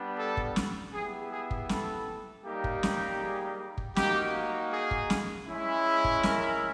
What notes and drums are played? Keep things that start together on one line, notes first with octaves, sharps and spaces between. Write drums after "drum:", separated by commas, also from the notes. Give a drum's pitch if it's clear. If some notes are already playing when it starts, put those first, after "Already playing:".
Already playing: G3 B3 D4
A4
drum: kick
drum: snare
B3 E4 G4 G#4
G#4
drum: kick
A4, drum: snare
G3 A#3 D#4 G4
drum: kick
drum: snare
G#4
drum: kick
A#3 D#4 F#4 G4, drum: snare
G#4
drum: kick
drum: snare
G#3 C#4 E4
drum: kick
A#4, drum: snare